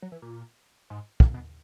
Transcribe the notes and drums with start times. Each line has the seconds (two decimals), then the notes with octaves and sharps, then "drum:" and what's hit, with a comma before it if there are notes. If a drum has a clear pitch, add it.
0.02 F#3
0.12 E3
0.22 A#2
0.90 G#2
1.20 A#2, drum: kick
1.34 B2